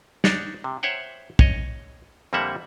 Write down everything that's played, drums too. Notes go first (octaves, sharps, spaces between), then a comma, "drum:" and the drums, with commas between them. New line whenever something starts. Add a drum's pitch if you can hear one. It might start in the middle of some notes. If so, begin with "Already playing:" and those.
D4 D#4 C#5 D5, drum: snare
C3
C5 C#5 E5 F#5 G5
C#5 D#5, drum: kick
F2 D3 G3 A#3 E5 F#5